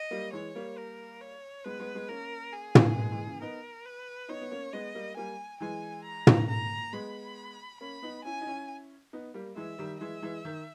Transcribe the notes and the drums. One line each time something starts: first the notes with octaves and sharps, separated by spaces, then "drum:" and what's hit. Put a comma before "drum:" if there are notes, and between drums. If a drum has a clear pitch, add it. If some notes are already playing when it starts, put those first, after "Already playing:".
Already playing: D#5
G3 A#3
E3 G#3 C#5
G3 A#3
A#4
C#5
G#3 B3 B4
G#3 B3
G#3 B3
A#3 C#4 A#4
G#4
drum: tom
G#3 B3
E3 G#3
C#3 E3
B3 D#4 A#4
B4
B3 D#4 C#5
B3
A#3 C#4
G#3 B3 D#5
G3 A#3
G3 A#3 G#5
E3 G#3 G#5
A#5
drum: tom
A#5
G#3 B3 B5
A#3 C#4 B5
B3 D#4
C#4 E4 G#5
D#4
C#4 E4
B3 D#4
G3 A#3
E3 G#3 E5
D#3 G3
E3 G#3 E5
E3 G#3
D#3